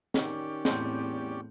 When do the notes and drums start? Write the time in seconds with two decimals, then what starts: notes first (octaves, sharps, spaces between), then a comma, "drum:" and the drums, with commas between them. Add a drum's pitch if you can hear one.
0.14 D#3 C#4 G4 D5, drum: snare
0.65 E2 A2 C4, drum: snare